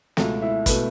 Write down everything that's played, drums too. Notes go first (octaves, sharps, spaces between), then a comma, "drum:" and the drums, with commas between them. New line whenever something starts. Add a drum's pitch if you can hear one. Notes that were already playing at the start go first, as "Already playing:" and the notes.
C#2 B2 A3, drum: snare
E4 E5
B2 A3 B4, drum: kick, hi-hat